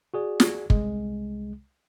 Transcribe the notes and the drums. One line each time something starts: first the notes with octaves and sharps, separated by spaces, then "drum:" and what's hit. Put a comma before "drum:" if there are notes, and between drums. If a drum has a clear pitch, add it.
F#4 G#4 D5
drum: snare
C2 G#3, drum: kick